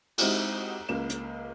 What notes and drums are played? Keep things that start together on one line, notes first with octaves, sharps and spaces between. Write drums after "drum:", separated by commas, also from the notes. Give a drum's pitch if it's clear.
G#3 C4 D#4 E4 F#4 G4, drum: cymbal
C#2 A#3 E7
drum: hi-hat